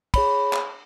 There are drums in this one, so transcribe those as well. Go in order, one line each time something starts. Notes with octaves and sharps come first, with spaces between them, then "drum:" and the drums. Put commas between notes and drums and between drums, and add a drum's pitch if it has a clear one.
G#4 C#5 B5, drum: kick, cymbal
drum: clap